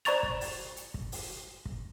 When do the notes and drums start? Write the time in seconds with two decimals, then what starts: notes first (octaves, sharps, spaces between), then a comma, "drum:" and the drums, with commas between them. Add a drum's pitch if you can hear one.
0.05 C5 D5 A#5 C#6 A6 F7, drum: hi-hat
0.23 drum: kick
0.41 drum: open hi-hat
0.76 drum: hi-hat
0.94 drum: kick
1.12 drum: open hi-hat
1.65 drum: kick